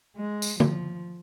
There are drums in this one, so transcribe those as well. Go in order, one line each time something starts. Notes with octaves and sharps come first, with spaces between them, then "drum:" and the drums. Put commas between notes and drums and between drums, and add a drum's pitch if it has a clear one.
G#3
drum: tambourine
F3, drum: tom D3